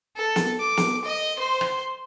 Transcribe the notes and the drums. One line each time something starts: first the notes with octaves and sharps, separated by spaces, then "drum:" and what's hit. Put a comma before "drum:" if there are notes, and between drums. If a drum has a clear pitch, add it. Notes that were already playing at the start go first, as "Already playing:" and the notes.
A4
drum: snare
D6
drum: snare
D#5
C5 C6
drum: rim click